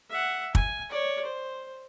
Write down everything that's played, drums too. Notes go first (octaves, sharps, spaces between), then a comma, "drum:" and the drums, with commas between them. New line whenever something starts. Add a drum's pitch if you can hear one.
E5 F#5
G#5, drum: kick
C#5 D5
C5